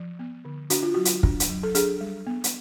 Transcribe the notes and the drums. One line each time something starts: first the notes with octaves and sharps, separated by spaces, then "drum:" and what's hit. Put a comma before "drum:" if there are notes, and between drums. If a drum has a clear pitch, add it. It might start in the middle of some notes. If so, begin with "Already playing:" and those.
Already playing: F3
B3
D3
D4 F#4, drum: hi-hat
F4
F#3 F#4
drum: hi-hat
D4, drum: kick
drum: hi-hat
F#3
A4
D4 G#4, drum: hi-hat
G3
B3
drum: hi-hat